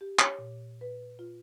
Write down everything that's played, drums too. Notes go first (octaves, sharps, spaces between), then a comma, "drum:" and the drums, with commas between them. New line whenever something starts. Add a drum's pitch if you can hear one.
G4
C#5, drum: clap
A#2
B4
F4